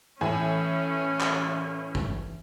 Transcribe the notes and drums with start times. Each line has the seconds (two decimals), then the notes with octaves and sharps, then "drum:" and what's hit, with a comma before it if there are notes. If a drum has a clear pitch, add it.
0.21 A2 E3 C#4 G#5
1.20 drum: clap
1.95 drum: kick